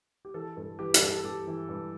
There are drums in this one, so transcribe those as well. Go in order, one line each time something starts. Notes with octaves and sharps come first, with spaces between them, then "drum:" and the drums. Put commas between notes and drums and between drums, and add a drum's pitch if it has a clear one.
G4
E3 A4
G2 A4
E3 G4 B4
G4, drum: hi-hat
G2 A4
A4
G2 G4
E3
G2